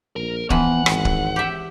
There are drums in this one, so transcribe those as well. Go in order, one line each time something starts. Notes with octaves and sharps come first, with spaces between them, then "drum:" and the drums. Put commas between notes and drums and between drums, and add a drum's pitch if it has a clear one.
A#1 A#4
E3 F3 B3 F#5, drum: kick
G#1, drum: rim click
drum: kick
G4 E5